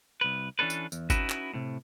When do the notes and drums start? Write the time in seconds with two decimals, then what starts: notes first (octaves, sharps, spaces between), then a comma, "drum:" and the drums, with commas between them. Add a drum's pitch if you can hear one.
0.21 C2 B4
0.59 E3 C#4 D4 A4 B4
0.70 drum: tambourine
0.92 E2, drum: tambourine
1.10 C#4 D#4 E4 F#4 B4, drum: kick G1, tambourine
1.30 drum: clap
1.54 A2 C3